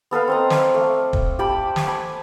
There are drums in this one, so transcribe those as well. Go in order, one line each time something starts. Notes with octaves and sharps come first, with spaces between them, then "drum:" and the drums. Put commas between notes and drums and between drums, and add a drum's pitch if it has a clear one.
B3 A4 B4 F5
C4 D#5 A#5
D5 F5, drum: snare
A3
drum: kick
G4 A5 B5 D6
drum: snare
G#5 A5 B5